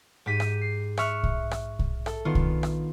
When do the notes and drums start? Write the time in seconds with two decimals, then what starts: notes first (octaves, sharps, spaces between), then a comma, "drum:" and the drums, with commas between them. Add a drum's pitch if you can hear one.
0.26 G#2 G4 B6 D#7
0.40 drum: rim click
0.61 C7
0.97 E5 C#6 F6 F#6, drum: rim click
1.23 drum: kick B1
1.51 drum: rim click
1.79 drum: kick B1
2.06 A4, drum: rim click
2.25 D#3 B3 D4 F4
2.35 drum: kick B1
2.63 drum: rim click